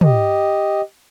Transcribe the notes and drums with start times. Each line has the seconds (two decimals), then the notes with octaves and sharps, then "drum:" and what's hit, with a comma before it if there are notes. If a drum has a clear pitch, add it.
0.01 G4 D#5, drum: tom